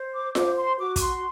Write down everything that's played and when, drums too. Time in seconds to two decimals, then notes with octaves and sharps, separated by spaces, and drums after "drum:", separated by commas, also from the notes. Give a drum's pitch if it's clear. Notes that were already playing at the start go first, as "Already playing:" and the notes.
Already playing: C5
0.13 D6
0.35 C5 D6, drum: snare F4
0.57 C6
0.79 F#4 D6
0.96 D6, drum: kick, hi-hat
1.01 C6